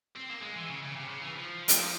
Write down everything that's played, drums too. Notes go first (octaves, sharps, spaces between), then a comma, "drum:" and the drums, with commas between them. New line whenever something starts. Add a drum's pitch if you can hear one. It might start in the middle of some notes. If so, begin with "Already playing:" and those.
C4
A#3
G#3
E3
C#3
C#3
C3
C#3
E3
F3
drum: hi-hat